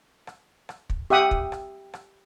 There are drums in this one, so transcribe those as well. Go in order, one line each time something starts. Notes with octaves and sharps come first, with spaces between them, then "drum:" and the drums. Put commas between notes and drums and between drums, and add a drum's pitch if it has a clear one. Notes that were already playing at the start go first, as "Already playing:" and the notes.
drum: rim click
drum: rim click
drum: kick
G4 E5 F#5 D#6
drum: kick
drum: rim click
drum: rim click